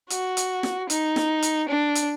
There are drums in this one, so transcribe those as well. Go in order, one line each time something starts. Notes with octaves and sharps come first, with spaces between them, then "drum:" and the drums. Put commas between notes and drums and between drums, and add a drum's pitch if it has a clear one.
F#4, drum: hi-hat
drum: hi-hat
drum: snare
D#4, drum: hi-hat
drum: snare
drum: hi-hat
D4
drum: hi-hat